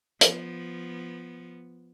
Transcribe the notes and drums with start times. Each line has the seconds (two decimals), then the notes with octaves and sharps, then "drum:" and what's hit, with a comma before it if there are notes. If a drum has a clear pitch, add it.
0.21 F3 B3, drum: hi-hat